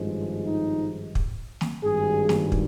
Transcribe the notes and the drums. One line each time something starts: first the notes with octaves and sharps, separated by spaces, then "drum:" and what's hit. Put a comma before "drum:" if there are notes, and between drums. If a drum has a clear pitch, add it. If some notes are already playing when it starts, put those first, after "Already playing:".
Already playing: G#1 G2 F3 G#3
D#4
drum: kick
drum: snare
G#1 G2 D#3 G#4
drum: snare
drum: kick